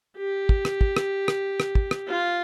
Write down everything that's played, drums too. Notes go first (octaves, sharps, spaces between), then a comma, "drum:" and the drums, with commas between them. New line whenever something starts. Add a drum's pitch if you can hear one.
G4
drum: kick
drum: rim click
drum: kick
drum: rim click
drum: rim click
drum: rim click
drum: kick
drum: rim click
F4